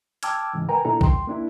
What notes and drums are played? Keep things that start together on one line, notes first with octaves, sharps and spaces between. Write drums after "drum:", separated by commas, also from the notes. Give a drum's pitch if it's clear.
G5 A5 D6 E6 F6 G#6, drum: hi-hat
G#2 C#3 E3 G#3
A#4 B4 G5 G#5 A#5
A#2 D4 E4 A4 A#5
G5 C6, drum: kick
A#3 D4 E4